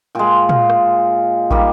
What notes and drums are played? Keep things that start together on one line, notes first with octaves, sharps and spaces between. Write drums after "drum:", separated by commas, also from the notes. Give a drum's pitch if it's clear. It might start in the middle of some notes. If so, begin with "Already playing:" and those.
A#2 G#3 G5
F5, drum: tom
drum: rim click
D#3 G3 A#3, drum: kick